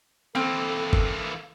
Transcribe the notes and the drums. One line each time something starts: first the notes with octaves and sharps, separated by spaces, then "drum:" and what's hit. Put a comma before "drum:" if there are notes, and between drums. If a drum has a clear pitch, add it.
E3 A#3 C4 A4
drum: kick